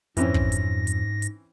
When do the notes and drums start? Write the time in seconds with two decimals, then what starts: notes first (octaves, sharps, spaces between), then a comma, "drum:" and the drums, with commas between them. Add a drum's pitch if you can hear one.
0.17 F2 G#2 E3 C4 C#4 A#6, drum: hi-hat
0.34 drum: kick
0.52 drum: hi-hat
0.87 drum: hi-hat
1.22 drum: hi-hat